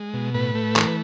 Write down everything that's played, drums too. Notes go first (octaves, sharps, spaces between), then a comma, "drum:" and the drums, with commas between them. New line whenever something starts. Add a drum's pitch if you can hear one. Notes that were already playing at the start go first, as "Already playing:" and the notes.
Already playing: G#3
B2
A2 B4
A3
E3 A#4, drum: clap
B4